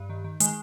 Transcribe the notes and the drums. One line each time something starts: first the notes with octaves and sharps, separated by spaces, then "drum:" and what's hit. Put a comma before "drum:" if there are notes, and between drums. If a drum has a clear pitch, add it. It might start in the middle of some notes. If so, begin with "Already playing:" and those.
Already playing: G2
D#3
D#3
D#3 G#3, drum: hi-hat